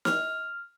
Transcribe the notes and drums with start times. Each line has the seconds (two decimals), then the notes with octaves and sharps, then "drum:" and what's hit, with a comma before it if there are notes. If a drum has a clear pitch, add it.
0.05 F6, drum: snare